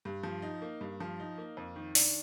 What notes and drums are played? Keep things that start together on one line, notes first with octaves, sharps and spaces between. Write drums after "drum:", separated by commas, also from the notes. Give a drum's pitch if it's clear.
G2
F3
D#4
A#3
G2
F3
D#4
A#3
F2
D#3
D4, drum: open hi-hat